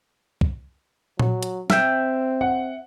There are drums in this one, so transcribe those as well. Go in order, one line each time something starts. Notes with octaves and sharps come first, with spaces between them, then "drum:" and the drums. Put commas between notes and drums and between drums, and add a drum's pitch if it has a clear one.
drum: kick
F#3, drum: tom A#2
drum: hi-hat
C4 E5 G5, drum: snare
F#5